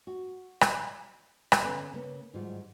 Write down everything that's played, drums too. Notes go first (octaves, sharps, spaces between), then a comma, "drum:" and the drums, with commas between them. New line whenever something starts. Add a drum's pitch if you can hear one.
F#4
drum: rim click
drum: rim click
D3 B3 C#4
C#3 A#3 B3
G#2 D#3 F#3 G3 F4